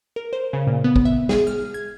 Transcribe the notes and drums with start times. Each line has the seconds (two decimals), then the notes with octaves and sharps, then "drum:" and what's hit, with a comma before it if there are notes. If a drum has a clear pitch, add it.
0.16 A#4
0.33 C5
0.53 C#3
0.67 A#2
0.84 B3
0.96 drum: kick
1.05 E5
1.29 G#4, drum: snare
1.47 F6
1.74 G#6